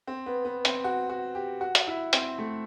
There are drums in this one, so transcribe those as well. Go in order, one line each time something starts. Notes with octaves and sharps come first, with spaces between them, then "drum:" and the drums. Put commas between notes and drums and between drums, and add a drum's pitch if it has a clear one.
C4
B3
B3
C4, drum: hi-hat
F#4
F#4
G4
F#4
drum: hi-hat
E4
C4, drum: hi-hat
A3